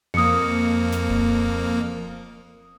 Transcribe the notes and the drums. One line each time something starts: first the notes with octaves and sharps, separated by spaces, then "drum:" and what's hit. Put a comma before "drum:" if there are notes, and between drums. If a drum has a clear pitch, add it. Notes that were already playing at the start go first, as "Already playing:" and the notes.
F2 A#3 D#6 C#7, drum: tom F2
drum: snare
drum: kick D1